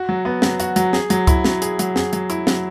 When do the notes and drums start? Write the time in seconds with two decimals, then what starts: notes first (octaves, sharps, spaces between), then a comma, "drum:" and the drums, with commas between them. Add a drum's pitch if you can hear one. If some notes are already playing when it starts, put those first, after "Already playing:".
Already playing: F#4
0.09 F#3
0.25 B3
0.42 F#3, drum: snare
0.60 F#4, drum: hi-hat
0.76 F#3, drum: hi-hat
0.93 G#4, drum: snare
1.10 F#3, drum: hi-hat
1.27 E4, drum: kick C#2, hi-hat
1.44 F#3, drum: snare
1.62 G#4, drum: hi-hat
1.79 F#3, drum: hi-hat
1.96 G#4, drum: snare
2.13 F#3, drum: hi-hat
2.30 E4, drum: hi-hat
2.47 F#3, drum: snare